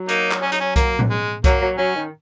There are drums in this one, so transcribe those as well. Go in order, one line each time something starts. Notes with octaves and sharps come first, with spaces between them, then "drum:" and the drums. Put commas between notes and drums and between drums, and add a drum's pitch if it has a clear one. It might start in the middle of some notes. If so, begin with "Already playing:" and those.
Already playing: F#3
A#3 D#4, drum: hi-hat
drum: clap
C#4
D#4, drum: hi-hat
C#4
A#3, drum: kick C2, hi-hat
drum: tom A2
G#3
F#3 A#3, drum: kick C2, hi-hat
F#3
F#3 C#4
D#3